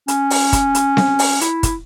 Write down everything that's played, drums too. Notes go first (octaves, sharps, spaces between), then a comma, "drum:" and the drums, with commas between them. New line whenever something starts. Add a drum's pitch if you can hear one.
C#4, drum: hi-hat
drum: open hi-hat
drum: kick, hi-hat
drum: hi-hat
drum: snare C4
drum: open hi-hat
E4, drum: hi-hat
drum: kick, hi-hat